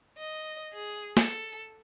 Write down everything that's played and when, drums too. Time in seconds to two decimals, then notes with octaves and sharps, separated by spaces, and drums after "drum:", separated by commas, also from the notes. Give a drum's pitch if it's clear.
0.18 D#5
0.73 G#4
1.17 A4, drum: snare